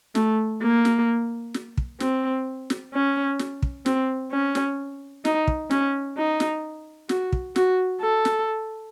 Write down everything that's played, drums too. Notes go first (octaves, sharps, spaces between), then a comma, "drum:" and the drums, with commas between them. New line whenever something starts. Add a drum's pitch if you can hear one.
A3, drum: snare
A#3
drum: snare
drum: snare
drum: kick
C4, drum: snare
drum: snare
C#4
drum: snare
drum: kick
C4, drum: snare
C#4
drum: snare
D#4, drum: snare
drum: kick
C#4, drum: snare
D#4
drum: snare
F#4, drum: snare
drum: kick
F#4, drum: snare
A4
drum: snare